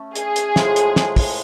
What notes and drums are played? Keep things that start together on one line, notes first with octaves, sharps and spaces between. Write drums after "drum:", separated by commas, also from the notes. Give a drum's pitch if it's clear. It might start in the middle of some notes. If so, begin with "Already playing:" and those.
Already playing: A3 C#4 A4
G#4, drum: hi-hat
drum: hi-hat
A2 F3 G#3, drum: snare
drum: hi-hat
drum: snare
drum: kick, open hi-hat